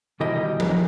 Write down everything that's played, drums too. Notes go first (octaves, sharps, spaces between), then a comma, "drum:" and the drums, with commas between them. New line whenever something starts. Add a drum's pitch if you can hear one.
B2 D#3 G3 E4 D#5 G5
G#4 A#4, drum: tom F3